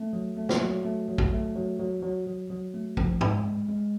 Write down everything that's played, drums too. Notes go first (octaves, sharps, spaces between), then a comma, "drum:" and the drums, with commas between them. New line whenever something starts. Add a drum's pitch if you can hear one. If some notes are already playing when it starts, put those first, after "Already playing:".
Already playing: A3
F#3
A3
drum: snare
F#3
A3
F#3
drum: kick
A3
F#3
F#3
F#3
F#3
F#3
A3
F3, drum: kick
G#3, drum: tom
G#3
G#3